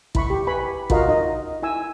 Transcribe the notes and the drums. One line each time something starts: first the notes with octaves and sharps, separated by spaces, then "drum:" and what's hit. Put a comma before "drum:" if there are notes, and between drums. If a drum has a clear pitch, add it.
E4 B5 C#6, drum: kick
G4
B4 G#5 B5 C#6
F4 F#4 A#4 D#5 F5, drum: kick
D#4 D#5
E4 G#5 E6